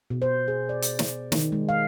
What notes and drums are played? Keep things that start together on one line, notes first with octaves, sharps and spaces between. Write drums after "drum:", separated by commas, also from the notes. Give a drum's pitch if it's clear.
B2
C5
G#4
D5
drum: hi-hat
drum: snare
D#3, drum: snare
G#3
F5